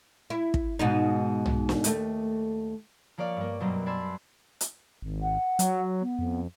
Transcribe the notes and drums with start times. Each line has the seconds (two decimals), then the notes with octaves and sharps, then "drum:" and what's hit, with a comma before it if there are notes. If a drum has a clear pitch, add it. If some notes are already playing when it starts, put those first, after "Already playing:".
0.30 E4
0.54 drum: kick
0.79 G#2 B2 D#4
1.46 drum: tom
1.69 drum: snare
1.84 D#2 A3, drum: hi-hat
3.18 F3 A#3 C#5 D5 F5
3.37 G2 A#3
3.60 F#2 B2 F#3 G3 A#3 C4
3.86 D5 G#5 A5 B5 C6 E6
4.61 drum: hi-hat
5.02 G#1
5.22 F#5
5.59 F#3, drum: hi-hat
6.01 B3
6.19 F2